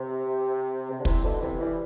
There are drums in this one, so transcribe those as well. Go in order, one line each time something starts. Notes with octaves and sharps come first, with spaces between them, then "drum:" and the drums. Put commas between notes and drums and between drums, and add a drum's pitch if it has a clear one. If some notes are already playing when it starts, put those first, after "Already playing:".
Already playing: C3
C3
D3
C3 E3, drum: kick
B2 D3
C3 E3
E3 G3